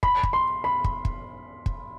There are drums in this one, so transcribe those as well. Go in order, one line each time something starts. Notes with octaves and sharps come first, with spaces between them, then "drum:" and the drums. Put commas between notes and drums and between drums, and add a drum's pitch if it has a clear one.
B5, drum: kick
drum: kick
C6
B5
drum: kick
drum: kick
drum: kick